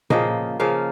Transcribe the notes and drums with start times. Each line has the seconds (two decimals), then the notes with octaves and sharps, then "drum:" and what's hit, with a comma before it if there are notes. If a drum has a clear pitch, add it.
0.10 C#3 F3 A#3 D#5, drum: tom A#2
0.60 C#3 F3 A#3 F5